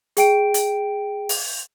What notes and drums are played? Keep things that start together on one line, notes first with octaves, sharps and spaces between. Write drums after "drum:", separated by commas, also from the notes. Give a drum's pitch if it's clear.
G#4 G5 D7, drum: hi-hat
drum: hi-hat
drum: open hi-hat